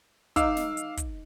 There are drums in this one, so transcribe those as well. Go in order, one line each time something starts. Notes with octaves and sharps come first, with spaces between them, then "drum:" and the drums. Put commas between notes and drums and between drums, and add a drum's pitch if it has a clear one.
D#4 F5 D6 E6, drum: kick, hi-hat
drum: snare
drum: hi-hat
drum: kick, hi-hat